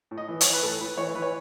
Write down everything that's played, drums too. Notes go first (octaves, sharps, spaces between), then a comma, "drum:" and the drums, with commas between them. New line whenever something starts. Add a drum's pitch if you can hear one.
A2
D#5
E3
C#5, drum: hi-hat
E3
B4
A2 A4
A2 B4
E3 C#5
E3 B4
C#5